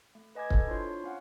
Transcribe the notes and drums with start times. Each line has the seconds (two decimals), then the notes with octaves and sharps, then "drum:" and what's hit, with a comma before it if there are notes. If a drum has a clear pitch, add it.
0.15 A3
0.35 B4 D#5 G#5 D6 G#6
0.50 A4, drum: kick C#1
0.67 D4 E4 F4 C5 C#5 C6
0.88 C#5
1.04 C#4 F5 F#5